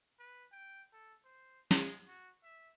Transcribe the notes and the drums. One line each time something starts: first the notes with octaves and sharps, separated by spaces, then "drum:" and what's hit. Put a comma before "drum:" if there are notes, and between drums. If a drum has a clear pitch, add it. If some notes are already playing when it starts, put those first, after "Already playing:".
B4
G5
A4
C5
G#3, drum: snare
F#4
E5